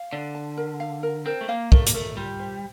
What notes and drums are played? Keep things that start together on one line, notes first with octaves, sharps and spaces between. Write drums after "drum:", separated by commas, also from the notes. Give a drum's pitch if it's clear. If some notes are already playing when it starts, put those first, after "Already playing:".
Already playing: F5
D3 D5
A5
A#4
F5
A#4
C4 A#4
A3
A#3 F5
A3 A#4, drum: kick
A#3, drum: hi-hat
A3 A#4
G3 F4
C5